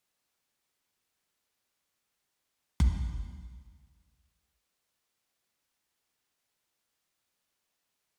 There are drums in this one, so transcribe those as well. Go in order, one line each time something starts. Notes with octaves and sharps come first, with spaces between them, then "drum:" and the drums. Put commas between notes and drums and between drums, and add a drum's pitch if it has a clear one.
D#4 F#4
B5 C6
drum: kick F#1
C#4
A#2 A3 B3 G#4
E3 C#4 G#5
G3 G4 A4